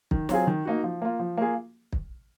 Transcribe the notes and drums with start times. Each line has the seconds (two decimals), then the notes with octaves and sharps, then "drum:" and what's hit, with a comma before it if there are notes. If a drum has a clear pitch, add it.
0.11 D#3, drum: kick
0.29 F#3 C4 F4 G#4, drum: snare
0.47 D#3
0.65 A#3 D#4 F#4
0.84 F3
1.02 A#3 F4
1.19 F3
1.37 A#3 F4 G#4
1.93 drum: kick